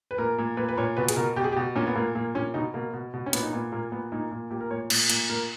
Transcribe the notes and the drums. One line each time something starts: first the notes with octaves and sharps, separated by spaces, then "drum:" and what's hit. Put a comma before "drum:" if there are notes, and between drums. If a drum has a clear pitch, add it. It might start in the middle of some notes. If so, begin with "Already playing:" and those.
B4
A#2 A#4
A#2
A#2 B4
B4
A#2 C#5
B2 B4
G#4, drum: hi-hat
B2 A#4
B2 G4
G#4
G4
B2
A#2 C#4
B3
A#2 A#3
A#2 A#3
A#2 C#4
B2 D#4
B2 A#3
B2
B2
C#4
A#2 B3, drum: hi-hat
D#4
A#2 B3
A#2 A#3
A#2 B3
A#2 D#4
A#2
A#2 G4
A#4
A#2 C#5
A#2, drum: cymbal
A#2, drum: hi-hat
A#2 A#4